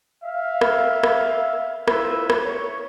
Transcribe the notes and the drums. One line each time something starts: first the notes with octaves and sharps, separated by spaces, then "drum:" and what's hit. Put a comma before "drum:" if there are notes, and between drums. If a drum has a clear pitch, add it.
E5 F5
drum: rim click
drum: rim click
E4 F4 B4 C5 E5, drum: rim click
drum: rim click
C#5